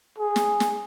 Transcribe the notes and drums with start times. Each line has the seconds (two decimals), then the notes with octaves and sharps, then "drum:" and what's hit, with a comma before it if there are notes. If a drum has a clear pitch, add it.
0.18 G#4
0.36 drum: snare
0.60 drum: snare